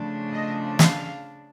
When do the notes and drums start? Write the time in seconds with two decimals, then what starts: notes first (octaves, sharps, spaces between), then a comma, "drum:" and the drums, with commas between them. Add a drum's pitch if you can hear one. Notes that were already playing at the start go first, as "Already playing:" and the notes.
Already playing: C#3 F3 A3 D4
0.32 D#5
0.79 F5, drum: snare